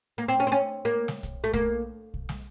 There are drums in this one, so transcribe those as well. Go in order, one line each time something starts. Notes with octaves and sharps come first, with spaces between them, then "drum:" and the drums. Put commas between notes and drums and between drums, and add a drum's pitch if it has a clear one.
A#3
C4
C#4
C4
C#4
A#3
drum: snare
drum: kick, hi-hat
A3
A#3, drum: kick, hi-hat
drum: kick
drum: snare